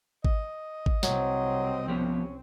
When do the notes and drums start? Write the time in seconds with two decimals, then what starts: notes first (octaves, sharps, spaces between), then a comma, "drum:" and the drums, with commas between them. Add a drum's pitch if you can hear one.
0.25 D#5, drum: kick G#1
0.86 drum: kick G#1
1.03 C2 F#3 C4, drum: snare
1.88 F3 B3 C#4 G4